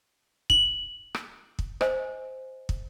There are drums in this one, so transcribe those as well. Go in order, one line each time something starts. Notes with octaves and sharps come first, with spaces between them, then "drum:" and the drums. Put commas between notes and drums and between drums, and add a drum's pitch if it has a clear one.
F#7, drum: kick
drum: rim click
drum: kick
C5 D#5 G#5, drum: rim click
drum: kick